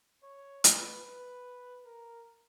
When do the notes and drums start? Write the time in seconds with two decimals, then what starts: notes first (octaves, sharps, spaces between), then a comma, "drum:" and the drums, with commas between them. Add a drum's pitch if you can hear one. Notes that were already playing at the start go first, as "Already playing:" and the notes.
0.23 C#5
0.64 B4, drum: hi-hat
1.04 B4
1.86 A#4